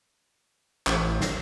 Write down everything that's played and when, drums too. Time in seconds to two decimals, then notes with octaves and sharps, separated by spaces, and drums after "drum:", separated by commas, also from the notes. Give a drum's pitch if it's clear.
0.87 A1, drum: clap
1.21 drum: snare